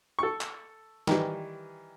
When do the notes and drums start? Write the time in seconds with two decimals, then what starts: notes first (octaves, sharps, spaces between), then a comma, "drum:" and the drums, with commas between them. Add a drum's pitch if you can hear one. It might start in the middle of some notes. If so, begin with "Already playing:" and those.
0.19 A4 C#6
0.41 drum: clap
1.07 D#3 E3 G3, drum: snare